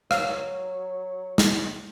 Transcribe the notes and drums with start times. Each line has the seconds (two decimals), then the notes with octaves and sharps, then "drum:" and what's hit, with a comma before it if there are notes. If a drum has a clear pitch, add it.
0.11 F#3 F5, drum: rim click
1.38 drum: snare